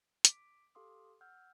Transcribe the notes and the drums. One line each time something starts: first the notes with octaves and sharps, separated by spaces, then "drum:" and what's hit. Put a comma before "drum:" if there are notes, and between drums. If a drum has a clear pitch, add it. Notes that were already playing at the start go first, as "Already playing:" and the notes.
D6 B6 D7, drum: hi-hat
G4 A4 F5 C6 D6 D#6
F#5 E6 F6 G6